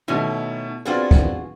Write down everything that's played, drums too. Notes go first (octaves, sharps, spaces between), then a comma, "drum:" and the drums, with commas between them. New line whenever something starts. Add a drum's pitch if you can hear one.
B2 D#3 A3 C#4 D#4 E4
B3 C4 D4 F4 F#4 G#4
drum: kick